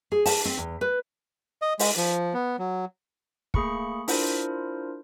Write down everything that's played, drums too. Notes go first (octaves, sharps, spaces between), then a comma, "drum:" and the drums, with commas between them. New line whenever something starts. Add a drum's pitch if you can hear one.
G#4
A5, drum: open hi-hat
C4
E2
B4
D#5
G#3, drum: open hi-hat
F3
B3
F#3
A3 A#3 G#4 B5 C#6 C#7, drum: kick
D4 E4 F4 A#4 C5, drum: open hi-hat